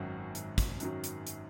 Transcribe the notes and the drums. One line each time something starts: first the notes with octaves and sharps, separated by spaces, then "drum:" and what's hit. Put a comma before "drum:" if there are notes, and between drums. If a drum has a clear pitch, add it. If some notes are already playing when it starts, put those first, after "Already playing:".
Already playing: G#1 F#2 D#3 F#3
G#1, drum: hi-hat
drum: kick, hi-hat
F#2 D#3 F#3, drum: hi-hat
drum: hi-hat
drum: hi-hat